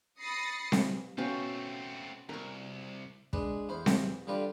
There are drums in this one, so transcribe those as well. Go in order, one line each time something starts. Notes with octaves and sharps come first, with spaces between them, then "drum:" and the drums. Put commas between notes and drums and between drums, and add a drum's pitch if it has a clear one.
B5 D#6 A6 A#6 C7 C#7
drum: snare C4
B2 A3 C4 C#4 F5 G5
C2 A#4 C#6
G#3 D4 B4, drum: kick
E2 C5 B5
drum: snare C4
D3 G3 F4 B4 D5